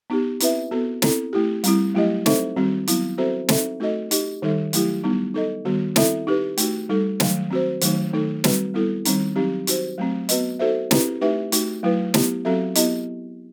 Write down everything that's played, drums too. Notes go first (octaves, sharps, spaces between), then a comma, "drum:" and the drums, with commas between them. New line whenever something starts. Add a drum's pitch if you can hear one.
B3 D#4 G4
C4 E4 B4 E5, drum: hi-hat
B3 F#4 A4
C4 E4 A4, drum: snare
A3 E4 G4
G3 C4 E4, drum: hi-hat
F#3 A3 E4 G4 D#5
C4 D#4 A4 C5 E5, drum: snare
D#3 G3 C4 F#4
F#3 B3 E4, drum: hi-hat
C4 F#4 A4 C5 E5
C4 D#4 A4 E5, drum: snare
A3 D#4 F#4 A4 D#5
D#4 G4 D#5, drum: hi-hat
D#3 G3 D#4 A4 E5
F#3 A3 E4 G4, drum: hi-hat
G3 B3 D#4
D#4 A4 D#5
D#3 G3 B3 F#4
C4 E4 A4 E5, drum: snare
D#4 G4 B4
A3 D#4 F#4, drum: hi-hat
G3 D#4 A4
D#3 F#3 A3, drum: snare
C4 F#4 C5
D#3 F#3 A3 D#4, drum: hi-hat
D#3 A3 D#4 A4
G3 C4 F#4 B4, drum: snare
G3 B3 E4 A4
D#3 G3 C4 D#4, drum: hi-hat
F#3 C4 D#4 G4
D#4 F#4 C5, drum: hi-hat
F#3 A3 C4
B3 F#4 B4 D#5, drum: hi-hat
D#4 F#4 A4 C5 E5
C4 E4 G4 B4, drum: snare
A3 D#4 G4 B4 E5
A3 D#4 F#4, drum: hi-hat
F#3 A3 E4 B4
B3 E4 G4, drum: snare
F#3 C4 F#4 A4 E5
B3 E4 G4 D#5, drum: hi-hat